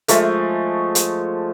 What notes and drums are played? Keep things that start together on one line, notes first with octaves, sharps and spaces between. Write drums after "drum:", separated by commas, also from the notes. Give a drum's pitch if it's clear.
F3 G#3 A3, drum: hi-hat
drum: hi-hat